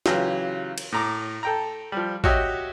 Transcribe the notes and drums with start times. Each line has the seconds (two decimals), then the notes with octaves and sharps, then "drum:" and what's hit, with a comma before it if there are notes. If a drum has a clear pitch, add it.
0.06 C#3 E3 F#3 F4 G4, drum: snare
0.78 drum: cymbal
0.92 A2 A#5 D6
1.43 A4 G5 A#5
1.92 F3 G3
2.24 F#4 G4 C#5 D#5 E5, drum: kick